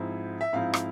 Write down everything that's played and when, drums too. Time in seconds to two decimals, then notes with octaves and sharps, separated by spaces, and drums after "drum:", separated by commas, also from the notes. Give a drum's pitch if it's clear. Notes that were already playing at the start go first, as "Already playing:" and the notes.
Already playing: G#2 F3 C4 E4
0.41 E5
0.53 G#2 F3 C4 E4 F5
0.74 drum: rim click